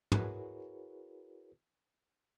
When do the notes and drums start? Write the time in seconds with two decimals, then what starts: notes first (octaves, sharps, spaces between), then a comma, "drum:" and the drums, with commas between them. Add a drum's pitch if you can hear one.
0.12 E4 F#4 G#4 A#4 B4 C#5, drum: tom